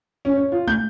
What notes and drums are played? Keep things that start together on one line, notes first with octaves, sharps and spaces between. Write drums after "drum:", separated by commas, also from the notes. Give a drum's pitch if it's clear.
C#4
C#5
F4
G6, drum: tom